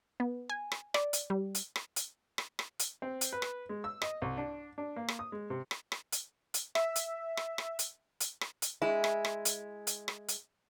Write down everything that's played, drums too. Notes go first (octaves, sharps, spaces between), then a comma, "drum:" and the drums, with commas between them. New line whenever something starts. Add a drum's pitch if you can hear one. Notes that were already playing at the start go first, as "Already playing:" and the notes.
B3
G#5
drum: rim click
D5, drum: rim click
drum: hi-hat
G3
drum: hi-hat
drum: rim click
drum: hi-hat
drum: rim click
drum: rim click
drum: hi-hat
C4
drum: hi-hat
B4
drum: rim click
G#3
E6
D#5, drum: rim click
C2
D4
D4
A#3
drum: rim click
D#6
G#3
C3
drum: rim click
drum: rim click
drum: hi-hat
drum: hi-hat
E5, drum: rim click
drum: hi-hat
drum: rim click
drum: rim click
drum: hi-hat
drum: hi-hat
drum: rim click
drum: hi-hat
G#3 E4
drum: rim click
drum: rim click
drum: hi-hat
drum: hi-hat
drum: rim click
drum: hi-hat